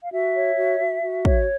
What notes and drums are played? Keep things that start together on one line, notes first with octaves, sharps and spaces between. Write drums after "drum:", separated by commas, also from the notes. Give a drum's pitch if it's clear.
F5
F#4 E5
C#5
F#4
F#4
F#4
C#5, drum: kick